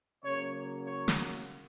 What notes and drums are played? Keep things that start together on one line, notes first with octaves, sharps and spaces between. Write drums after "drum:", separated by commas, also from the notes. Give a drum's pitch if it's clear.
C#3 F#3 A#3 C#5
C#5
drum: snare